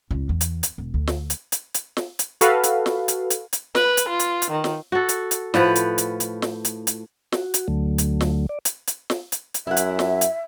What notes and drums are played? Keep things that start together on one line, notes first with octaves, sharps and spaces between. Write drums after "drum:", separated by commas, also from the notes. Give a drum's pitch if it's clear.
C#2
E2
drum: hi-hat
drum: hi-hat
E1
D2
drum: snare
drum: hi-hat
drum: hi-hat
drum: hi-hat
drum: snare
drum: hi-hat
F#4 A4 B4 F5, drum: hi-hat
drum: hi-hat
drum: snare
drum: hi-hat
drum: hi-hat
drum: hi-hat
B4, drum: snare
drum: hi-hat
F4
drum: hi-hat
drum: hi-hat
D#3
drum: snare
F#4 A4
drum: hi-hat
drum: hi-hat
A2 F3 B4 F#5, drum: snare
drum: hi-hat
drum: hi-hat
drum: hi-hat
drum: snare
drum: hi-hat
drum: hi-hat
F#4, drum: snare
drum: hi-hat
D2 D3 F#3 A3
drum: hi-hat
drum: snare
D5
drum: hi-hat
drum: hi-hat
drum: snare
drum: hi-hat
drum: hi-hat
F#2 E4 E5 F#5
drum: hi-hat
drum: snare
drum: hi-hat